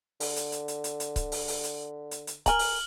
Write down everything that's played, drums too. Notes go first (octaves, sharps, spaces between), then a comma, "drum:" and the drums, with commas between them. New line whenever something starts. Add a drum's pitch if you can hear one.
D3, drum: open hi-hat
drum: hi-hat
drum: hi-hat
drum: hi-hat
drum: hi-hat
drum: hi-hat
drum: kick C#1, hi-hat
drum: open hi-hat
drum: open hi-hat
drum: hi-hat
drum: hi-hat
drum: hi-hat
A#4 G#5 A#5 F6 F#7, drum: kick C#1, hi-hat
drum: open hi-hat